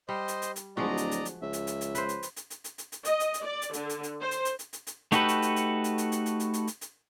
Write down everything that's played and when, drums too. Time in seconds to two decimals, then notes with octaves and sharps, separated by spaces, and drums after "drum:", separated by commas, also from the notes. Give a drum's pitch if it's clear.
0.09 G3 C5 D#5 C6
0.28 drum: hi-hat
0.42 drum: hi-hat
0.56 drum: hi-hat
0.77 D1 F3 G#3 F#4 D5 D#5 A#5
0.97 drum: hi-hat
1.11 drum: hi-hat
1.25 drum: hi-hat
1.42 C#2 E5
1.53 drum: hi-hat
1.67 drum: hi-hat
1.81 drum: hi-hat
1.95 B4 C5, drum: hi-hat
2.09 drum: hi-hat
2.23 drum: hi-hat
2.36 drum: hi-hat
2.50 drum: hi-hat
2.64 drum: hi-hat
2.78 drum: hi-hat
2.92 drum: hi-hat
3.05 D#5, drum: hi-hat
3.20 drum: hi-hat
3.34 drum: hi-hat
3.44 D5
3.62 drum: hi-hat
3.73 D3, drum: hi-hat
3.89 drum: hi-hat
4.03 drum: hi-hat
4.21 C5
4.31 drum: hi-hat
4.45 drum: hi-hat
4.59 drum: hi-hat
4.73 drum: hi-hat
4.87 drum: hi-hat
5.12 A3 D#4 F#4 G4 A4 B4, drum: hi-hat
5.28 drum: hi-hat
5.42 drum: hi-hat
5.56 drum: hi-hat
5.84 drum: hi-hat
5.98 drum: hi-hat
6.12 drum: hi-hat
6.26 drum: hi-hat
6.40 drum: hi-hat
6.54 drum: hi-hat
6.67 drum: hi-hat
6.81 drum: hi-hat